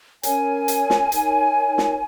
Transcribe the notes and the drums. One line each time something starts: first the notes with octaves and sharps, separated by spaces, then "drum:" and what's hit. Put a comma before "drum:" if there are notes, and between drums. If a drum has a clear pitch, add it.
C#4 A#4 C#5 G#5, drum: hi-hat
drum: hi-hat
drum: snare
D#4 A#4 C#5, drum: hi-hat
drum: snare